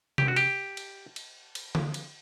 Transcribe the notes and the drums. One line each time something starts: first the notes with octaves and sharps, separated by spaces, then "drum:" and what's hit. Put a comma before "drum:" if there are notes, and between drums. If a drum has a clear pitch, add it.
G4, drum: tom C3
F#4
G4, drum: cymbal
drum: cymbal
drum: cymbal
drum: cymbal
drum: tom D3
drum: cymbal